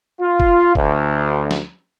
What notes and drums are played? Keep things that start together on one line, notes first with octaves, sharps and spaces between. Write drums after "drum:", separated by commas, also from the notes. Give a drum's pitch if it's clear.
F4
drum: kick
D2, drum: kick
drum: snare